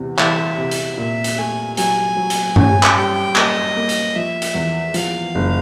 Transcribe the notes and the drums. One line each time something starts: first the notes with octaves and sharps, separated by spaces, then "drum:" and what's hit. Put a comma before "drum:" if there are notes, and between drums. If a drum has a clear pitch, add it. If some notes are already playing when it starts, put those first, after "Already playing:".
Already playing: E2 C3
E3 E5, drum: clap
C3
drum: hi-hat
A#2 E5
drum: hi-hat
A3 G#5
F#3 G#5, drum: hi-hat
F#3
drum: hi-hat
C#4 G#5, drum: tom G2
drum: clap
G3 G5
A#3 D#5, drum: clap
A#3
drum: hi-hat
F3 E5
drum: hi-hat
E2
F3 F5, drum: hi-hat
F#1